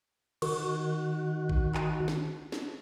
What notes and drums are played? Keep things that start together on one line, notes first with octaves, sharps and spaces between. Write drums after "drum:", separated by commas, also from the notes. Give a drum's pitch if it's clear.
D#3 F#4, drum: cymbal
drum: kick A1
drum: clap
drum: snare
drum: snare